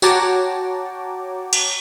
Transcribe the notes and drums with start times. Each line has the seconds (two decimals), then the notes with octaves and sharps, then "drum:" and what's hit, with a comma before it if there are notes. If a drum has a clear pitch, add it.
0.02 F#4 C#5 G5 A5 A#5 D6, drum: tambourine
1.53 drum: cymbal